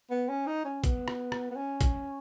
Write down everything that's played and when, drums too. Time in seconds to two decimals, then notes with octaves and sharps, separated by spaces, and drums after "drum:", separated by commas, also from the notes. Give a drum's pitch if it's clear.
0.10 B3
0.29 C#4
0.47 D#4
0.65 C#4
0.84 B3, drum: kick A1, hi-hat
1.08 drum: rim click
1.32 drum: rim click
1.51 B3
1.56 C#4
1.81 drum: kick A1, hi-hat